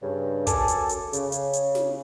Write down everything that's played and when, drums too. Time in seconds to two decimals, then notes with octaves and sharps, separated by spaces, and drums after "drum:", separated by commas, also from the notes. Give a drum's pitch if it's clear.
0.02 G2 C#3
0.47 F#2 A4 G#5 A5 D6, drum: kick, hi-hat
0.68 drum: hi-hat
0.89 drum: hi-hat
1.13 C#3, drum: hi-hat
1.32 drum: hi-hat
1.54 drum: hi-hat
1.75 drum: snare